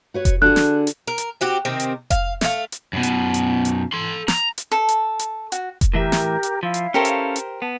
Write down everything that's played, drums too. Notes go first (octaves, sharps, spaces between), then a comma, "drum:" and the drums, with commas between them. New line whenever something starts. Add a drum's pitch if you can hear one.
F#4 B4 C#5
drum: kick F1, hi-hat
D3 D4 F#4 G#4 F#6
drum: snare
drum: hi-hat
A#4
drum: hi-hat
C4 F#4 G4
C3 D#3 C4
drum: hi-hat
F5, drum: kick F1, hi-hat
A3 F5, drum: snare
drum: hi-hat
F#2 B2
drum: hi-hat
drum: hi-hat
drum: hi-hat
A4 C6
A#5, drum: snare
drum: hi-hat
A4
drum: hi-hat
drum: hi-hat
F#4, drum: hi-hat
drum: kick F1, hi-hat
A2 E3 G4 A#4 E5
drum: snare
drum: hi-hat
F3 E4 F5
drum: hi-hat
C#4 G4 A4 A#4 C5 C#5
drum: hi-hat
drum: hi-hat
B3 A5